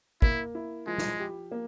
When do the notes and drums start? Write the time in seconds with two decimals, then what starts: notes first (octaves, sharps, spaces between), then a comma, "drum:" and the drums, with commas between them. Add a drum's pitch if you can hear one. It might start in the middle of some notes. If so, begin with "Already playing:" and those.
0.22 A#3 E4, drum: kick
0.55 E4
0.87 F3 G#3
0.98 drum: snare
1.19 G4
1.51 A#3